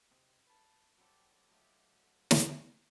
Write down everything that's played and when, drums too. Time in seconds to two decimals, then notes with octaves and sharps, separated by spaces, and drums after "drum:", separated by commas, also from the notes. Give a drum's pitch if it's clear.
0.11 C3 C4 D#4
0.47 B4 A5
0.98 F#3 G3 C4 G4 A4
1.50 F#3 A3 C4 D#4 F4 G4
2.31 drum: snare